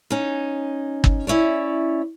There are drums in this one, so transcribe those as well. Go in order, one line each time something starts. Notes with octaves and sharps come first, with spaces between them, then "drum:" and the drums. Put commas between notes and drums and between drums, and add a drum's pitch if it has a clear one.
C#4 D#4
drum: kick
C#4 E4 C#5 D5